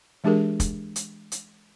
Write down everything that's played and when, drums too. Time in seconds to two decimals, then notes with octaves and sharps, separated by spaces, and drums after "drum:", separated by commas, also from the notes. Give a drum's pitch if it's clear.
0.24 E3 G#3 D4 G4 G#4 A#4
0.60 drum: kick, hi-hat
0.96 drum: hi-hat
1.32 drum: hi-hat